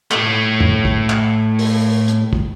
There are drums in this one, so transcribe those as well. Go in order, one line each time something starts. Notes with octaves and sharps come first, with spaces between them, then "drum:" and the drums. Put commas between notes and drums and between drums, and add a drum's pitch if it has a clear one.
A2 A3, drum: clap
drum: tom
drum: kick
drum: clap
drum: open hi-hat
drum: hi-hat
drum: kick